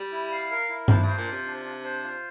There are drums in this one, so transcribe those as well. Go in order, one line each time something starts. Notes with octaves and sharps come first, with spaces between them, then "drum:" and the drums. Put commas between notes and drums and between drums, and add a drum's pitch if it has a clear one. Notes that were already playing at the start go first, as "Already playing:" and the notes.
Already playing: G3
E4
F5
A#4
E4
F3 D4, drum: tom G2
G2 C5
A#2
F4
C3
D4
D4
C5
F4